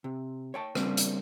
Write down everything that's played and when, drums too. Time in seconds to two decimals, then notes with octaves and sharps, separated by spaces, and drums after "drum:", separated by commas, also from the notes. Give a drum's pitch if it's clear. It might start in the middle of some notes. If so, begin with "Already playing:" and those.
0.04 C3
0.54 C#5 G5 A5
0.75 C#3 G3 A#3 C4 D4, drum: rim click
0.97 drum: hi-hat